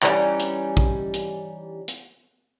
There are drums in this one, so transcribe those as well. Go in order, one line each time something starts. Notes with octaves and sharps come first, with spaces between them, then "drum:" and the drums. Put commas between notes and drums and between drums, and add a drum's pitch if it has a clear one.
E3 G3 C#4 D#4, drum: clap
drum: hi-hat
drum: kick A#1
drum: hi-hat
drum: hi-hat